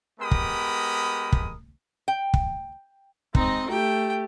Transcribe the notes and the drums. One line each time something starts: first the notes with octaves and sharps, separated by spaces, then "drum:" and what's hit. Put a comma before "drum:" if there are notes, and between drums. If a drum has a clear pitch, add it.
G#3 B3 G4 A#4 B5 D#6
drum: kick
drum: kick
G5
drum: kick
G#3 C4 D#4 D#5, drum: kick
A3 G4 G5